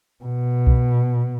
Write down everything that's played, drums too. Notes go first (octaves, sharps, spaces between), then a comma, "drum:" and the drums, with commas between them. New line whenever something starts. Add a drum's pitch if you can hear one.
B2
drum: kick C2